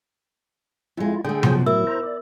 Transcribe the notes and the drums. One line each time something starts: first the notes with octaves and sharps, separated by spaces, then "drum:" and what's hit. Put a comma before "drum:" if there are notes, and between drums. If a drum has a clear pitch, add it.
F2 G#3 E4 F4
D3 A3 G#4 G5
F#2 B2 F3, drum: tom C3
A2 F#3 E4 A#4 E5 E6
C5 A#5
D5